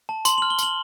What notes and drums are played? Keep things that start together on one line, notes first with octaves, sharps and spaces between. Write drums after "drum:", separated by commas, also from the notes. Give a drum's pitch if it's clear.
A5
C6 F#7, drum: tambourine
F6 F#7
G7
C6 F#7, drum: tambourine